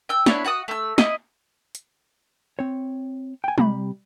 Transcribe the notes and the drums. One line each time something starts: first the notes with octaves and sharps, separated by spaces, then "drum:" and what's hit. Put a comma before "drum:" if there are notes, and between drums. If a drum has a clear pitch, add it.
G5 E6
B3 D4 E4 C#5, drum: snare
F#4 F#5 A5 D#6
A3 E6
E4 D#5, drum: snare
drum: hi-hat
C4 C#5
G5 G#5
C3 G3 A#5 B5, drum: tom